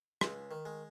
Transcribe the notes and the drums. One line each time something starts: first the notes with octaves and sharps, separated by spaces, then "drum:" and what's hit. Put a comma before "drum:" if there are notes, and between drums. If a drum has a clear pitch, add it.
C#2 G#3, drum: rim click
D#3
G#3